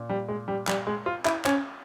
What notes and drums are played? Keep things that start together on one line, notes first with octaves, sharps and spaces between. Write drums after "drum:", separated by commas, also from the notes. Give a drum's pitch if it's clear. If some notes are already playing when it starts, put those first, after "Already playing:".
Already playing: A#2
G3
G#3
G3
G3, drum: clap
G#3
F4
E4, drum: clap
C#4, drum: clap